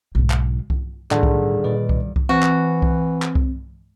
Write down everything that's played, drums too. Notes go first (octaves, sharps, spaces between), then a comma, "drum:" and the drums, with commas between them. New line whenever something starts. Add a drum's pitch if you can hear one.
B1 G#2
drum: clap
drum: kick C2
G1 D#2 A2 D3 G#4, drum: clap
drum: kick C2
A#2 B4 D5 D#5
drum: kick C2
drum: kick C2
E3 C4 F#4
drum: clap
drum: kick C2
drum: clap
drum: kick C2